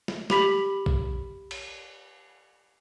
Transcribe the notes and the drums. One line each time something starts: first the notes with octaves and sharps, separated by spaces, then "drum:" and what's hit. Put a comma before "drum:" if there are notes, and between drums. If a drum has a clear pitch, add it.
drum: snare
G4 B5 B6 F#7, drum: snare
drum: kick A#1
drum: cymbal